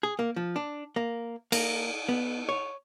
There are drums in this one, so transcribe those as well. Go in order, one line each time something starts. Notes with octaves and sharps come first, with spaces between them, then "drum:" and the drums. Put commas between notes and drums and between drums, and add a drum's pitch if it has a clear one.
G#4
A#3
F3
D4
A#3
A#3, drum: cymbal
B3
C#5